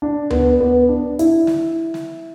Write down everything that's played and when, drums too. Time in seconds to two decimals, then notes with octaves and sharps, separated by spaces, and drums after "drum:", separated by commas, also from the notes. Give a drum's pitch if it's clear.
0.02 D4
0.30 B3, drum: tom D2
0.60 B3
0.89 D4
1.19 E4, drum: hi-hat
1.47 drum: snare
1.94 drum: snare